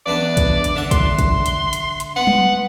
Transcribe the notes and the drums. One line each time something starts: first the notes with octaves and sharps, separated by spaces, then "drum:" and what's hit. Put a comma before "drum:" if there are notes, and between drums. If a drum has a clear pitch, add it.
E2 B3 D4 D5
drum: kick, hi-hat
drum: hi-hat
D3 E5 F#5
C6, drum: kick, hi-hat
drum: kick, hi-hat
drum: hi-hat
drum: hi-hat
drum: hi-hat
B3 F#5
drum: tom F#3